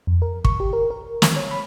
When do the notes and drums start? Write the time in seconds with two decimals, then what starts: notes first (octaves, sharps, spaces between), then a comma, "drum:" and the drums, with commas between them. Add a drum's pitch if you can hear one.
0.07 F2
0.22 A#4
0.45 C#6, drum: kick
0.60 G4
0.73 A#4
0.90 A#4
1.22 drum: snare
1.36 C#5
1.51 B5